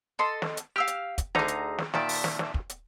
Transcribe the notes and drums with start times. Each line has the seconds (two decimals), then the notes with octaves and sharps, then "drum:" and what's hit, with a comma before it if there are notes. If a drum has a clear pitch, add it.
0.19 A4 D#5 C6
0.42 drum: snare
0.57 drum: hi-hat
0.76 G4 F5 E6 F6
0.87 drum: hi-hat
1.18 drum: kick, hi-hat
1.35 D2 D3 D#4 G#4 A#5, drum: snare
1.48 drum: hi-hat
1.78 drum: snare
1.94 A#2 D#3 D5 E5 A5, drum: snare
2.09 drum: open hi-hat
2.24 drum: snare
2.39 drum: snare
2.54 drum: kick
2.70 drum: hi-hat